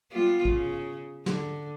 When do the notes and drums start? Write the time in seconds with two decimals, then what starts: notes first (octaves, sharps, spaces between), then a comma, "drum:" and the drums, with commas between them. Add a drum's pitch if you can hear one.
0.12 G3 B3 F4
0.45 C#3, drum: kick
1.26 D3, drum: snare